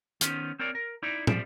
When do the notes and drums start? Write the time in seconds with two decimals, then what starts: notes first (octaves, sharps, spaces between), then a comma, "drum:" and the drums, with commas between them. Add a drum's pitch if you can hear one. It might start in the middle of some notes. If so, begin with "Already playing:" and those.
0.21 D#3 B3 C#4 C5, drum: hi-hat
0.59 C4 A#4 C#5 D5
0.75 A#4
1.03 D#4 E4 D5
1.27 F3 G3 C5 D5, drum: tom